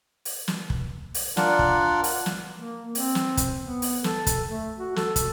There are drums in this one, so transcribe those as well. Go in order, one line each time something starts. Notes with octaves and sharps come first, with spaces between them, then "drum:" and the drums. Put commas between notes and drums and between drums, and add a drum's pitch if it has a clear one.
drum: open hi-hat
drum: snare
drum: kick
drum: open hi-hat
D4 F4 A#4 D5 F#5, drum: snare
drum: kick
drum: open hi-hat
drum: snare
A#3
C4, drum: open hi-hat
drum: snare
drum: kick, hi-hat
B3
drum: open hi-hat
A4, drum: snare
drum: kick, hi-hat
A3
F#4
A4, drum: snare
drum: kick, hi-hat